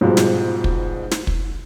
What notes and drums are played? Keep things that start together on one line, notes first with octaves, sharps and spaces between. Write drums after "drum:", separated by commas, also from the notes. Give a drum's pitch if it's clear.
G#2 B2 F3 G3
drum: snare
drum: kick
drum: snare
drum: kick